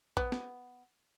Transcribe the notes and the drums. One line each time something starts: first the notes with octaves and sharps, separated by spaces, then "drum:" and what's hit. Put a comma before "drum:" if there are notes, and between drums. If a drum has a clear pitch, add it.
B3, drum: kick A#1
drum: snare